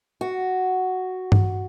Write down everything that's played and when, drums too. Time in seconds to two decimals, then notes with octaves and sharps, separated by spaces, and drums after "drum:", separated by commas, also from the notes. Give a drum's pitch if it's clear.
0.21 F#4
1.32 drum: tom G2